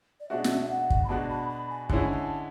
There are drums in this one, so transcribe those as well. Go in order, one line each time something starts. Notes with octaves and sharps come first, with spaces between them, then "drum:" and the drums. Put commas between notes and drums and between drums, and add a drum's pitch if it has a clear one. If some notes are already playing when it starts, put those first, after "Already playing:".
D5
B2 G#3 D4 F#4 E5
drum: snare
E5
F#5
drum: kick
B5
B2 G#3 D4 F#4 A5
B5
B5
G#5
D3 G#3 C#4 E4 G#5, drum: kick
G#5
A5